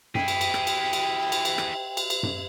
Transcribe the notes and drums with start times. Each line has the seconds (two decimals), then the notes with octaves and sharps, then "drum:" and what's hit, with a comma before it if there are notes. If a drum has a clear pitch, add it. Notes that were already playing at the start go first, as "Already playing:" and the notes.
0.15 E4 G#4 G5, drum: tom F#2
0.28 drum: cymbal
0.41 drum: cymbal
0.54 drum: rim click
0.67 drum: cymbal
0.93 drum: cymbal
1.32 drum: cymbal
1.45 drum: cymbal
1.58 drum: rim click
1.97 drum: cymbal
2.10 drum: cymbal
2.23 drum: tom F#2